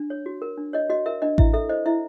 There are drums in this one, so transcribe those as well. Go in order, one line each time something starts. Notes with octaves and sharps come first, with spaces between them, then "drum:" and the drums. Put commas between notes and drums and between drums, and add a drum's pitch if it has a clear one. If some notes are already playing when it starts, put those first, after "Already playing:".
Already playing: D4
C#5
F#4
A#4
D4
C#5 D#5
F#4 D#5
A#4 E5
D4 D#5
E4 E5, drum: kick A1
A4 E5
C5 D#5
E4 E5